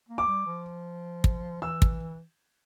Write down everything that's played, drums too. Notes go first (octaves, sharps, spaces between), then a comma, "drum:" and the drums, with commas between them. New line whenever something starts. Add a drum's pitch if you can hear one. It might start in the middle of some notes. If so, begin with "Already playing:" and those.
A#3
D6
G3
F3
drum: kick
E3 E6
drum: kick